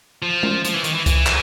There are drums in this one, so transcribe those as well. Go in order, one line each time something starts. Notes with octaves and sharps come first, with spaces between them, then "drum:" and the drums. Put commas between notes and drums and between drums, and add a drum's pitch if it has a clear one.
F3
drum: tom G#3
F3, drum: hi-hat
E3
D#3, drum: hi-hat
E3
E3, drum: kick C2, hi-hat
drum: clap